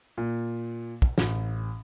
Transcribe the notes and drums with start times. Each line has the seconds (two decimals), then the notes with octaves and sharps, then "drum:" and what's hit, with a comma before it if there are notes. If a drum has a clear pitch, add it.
0.18 A#2
1.02 drum: kick
1.18 A1, drum: snare